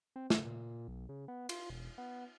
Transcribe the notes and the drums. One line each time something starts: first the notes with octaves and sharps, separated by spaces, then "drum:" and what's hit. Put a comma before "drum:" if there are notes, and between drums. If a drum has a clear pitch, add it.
C4
A3, drum: snare
A#2
B1
C#3
B3
F4, drum: cymbal
E1
B3